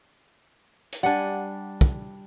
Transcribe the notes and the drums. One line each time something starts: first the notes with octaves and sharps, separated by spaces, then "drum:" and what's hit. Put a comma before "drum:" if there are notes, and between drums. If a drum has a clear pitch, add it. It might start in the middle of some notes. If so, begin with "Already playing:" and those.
drum: hi-hat
G3 D4 F#5 G#5
drum: kick